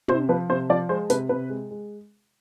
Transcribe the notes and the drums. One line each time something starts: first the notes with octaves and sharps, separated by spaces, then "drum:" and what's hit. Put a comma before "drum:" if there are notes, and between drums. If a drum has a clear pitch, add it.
C3 C5, drum: tom
F3 B4
C3 C5
F3 D5
G#3 C5
C3 B4, drum: hi-hat
C3 B4
G#3
G#3